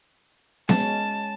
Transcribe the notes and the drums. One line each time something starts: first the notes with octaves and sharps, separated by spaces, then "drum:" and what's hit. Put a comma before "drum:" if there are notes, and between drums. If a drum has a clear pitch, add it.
G#3 C#4 A5, drum: snare B3